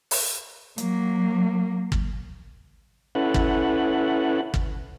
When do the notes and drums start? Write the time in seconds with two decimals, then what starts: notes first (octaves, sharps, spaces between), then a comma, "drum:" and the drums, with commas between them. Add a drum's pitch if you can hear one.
0.11 drum: open hi-hat
0.78 F#3 A#3, drum: hi-hat
1.92 drum: kick
3.15 C#4 E4 A4 B4 F#5
3.34 drum: kick
4.54 drum: kick